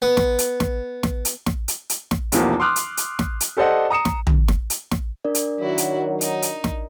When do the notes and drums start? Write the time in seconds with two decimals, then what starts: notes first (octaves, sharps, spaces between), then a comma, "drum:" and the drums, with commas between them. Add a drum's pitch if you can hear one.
0.02 B3
0.17 drum: snare
0.39 drum: hi-hat
0.60 drum: snare
1.03 drum: snare
1.25 drum: hi-hat
1.46 drum: snare
1.68 drum: hi-hat
1.89 drum: hi-hat
2.11 drum: snare
2.32 B1 E2 C3 E3 F3 A#3, drum: hi-hat
2.60 C6 D6 D#6 F6 F#6
2.76 drum: hi-hat
2.97 drum: hi-hat
3.19 drum: snare
3.40 drum: hi-hat
3.57 G4 A4 C5 D5 D#5 F#5
3.90 A#5 D#6 C#7 E7
4.05 drum: snare
4.27 drum: tom
4.48 drum: snare
4.70 drum: hi-hat
4.91 drum: snare
5.25 D4 A#4 D5
5.35 drum: hi-hat
5.60 D#3 F#3 E4 F#4
5.78 drum: hi-hat
6.21 D#4, drum: hi-hat
6.42 drum: hi-hat
6.64 drum: snare